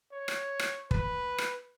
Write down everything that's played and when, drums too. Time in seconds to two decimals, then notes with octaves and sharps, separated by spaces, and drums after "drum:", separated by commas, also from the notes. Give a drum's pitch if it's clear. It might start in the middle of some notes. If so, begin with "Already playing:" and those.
0.12 C#5
0.28 drum: rim click
0.59 drum: rim click
0.91 B4, drum: kick
1.38 drum: rim click